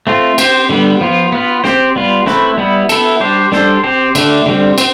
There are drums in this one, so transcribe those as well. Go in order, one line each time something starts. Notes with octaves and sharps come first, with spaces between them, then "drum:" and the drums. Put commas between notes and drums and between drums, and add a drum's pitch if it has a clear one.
A3 C4 F4
C4 G4 C5, drum: cymbal
D3 G3 B3
F3 B3 F4
B3 F4 B4
C4 G4 C5, drum: snare
G3 B3 F4
A3 C4 E4 B4, drum: snare
G3 B3 E4
B3 E4 A4, drum: cymbal
G3 D4 G4 C5
G3 D4 A4 C5, drum: snare
C4 G4 C5
D3 A3 D4, drum: cymbal
D3 G3 C4
C4, drum: cymbal